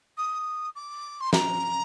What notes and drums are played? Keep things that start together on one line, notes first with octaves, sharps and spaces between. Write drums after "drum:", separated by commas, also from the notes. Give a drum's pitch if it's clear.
D#6
D6
C6
A#5, drum: snare